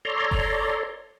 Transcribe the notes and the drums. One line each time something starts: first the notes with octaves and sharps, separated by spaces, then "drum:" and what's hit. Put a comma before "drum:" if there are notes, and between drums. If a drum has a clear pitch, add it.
A4 C#5 D5 A#5 C6
drum: kick F#1